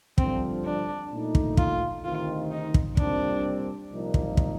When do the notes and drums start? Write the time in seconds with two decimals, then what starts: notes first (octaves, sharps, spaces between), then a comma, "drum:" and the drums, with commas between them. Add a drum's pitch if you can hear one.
0.18 G2 D3 F3 C4, drum: kick
0.65 D4
1.12 A#2 A3 D#4
1.35 drum: kick
1.57 F4, drum: kick
2.04 D2 C3 D#3 F4
2.51 D#4
2.74 drum: kick
2.97 C2 A#2 G3 C4 D4, drum: kick
3.91 C2 A#2 F3 A#3 D#4
4.14 drum: kick
4.37 drum: kick